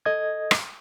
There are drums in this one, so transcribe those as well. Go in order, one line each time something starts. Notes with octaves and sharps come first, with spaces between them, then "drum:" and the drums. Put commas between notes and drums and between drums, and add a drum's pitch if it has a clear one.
A4 D#5 D#6 G#6
drum: rim click